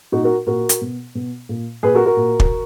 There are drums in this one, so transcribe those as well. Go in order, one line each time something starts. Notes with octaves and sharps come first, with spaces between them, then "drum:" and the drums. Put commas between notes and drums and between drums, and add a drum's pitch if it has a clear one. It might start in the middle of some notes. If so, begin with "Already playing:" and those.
A#2 D#4 F#4
F#4 A#4
A#2 F#4 A#4
drum: hi-hat
B2
B2
A#2
A#2 G#4 B4
F#4 A#4
F#4 A#4
A#2
drum: kick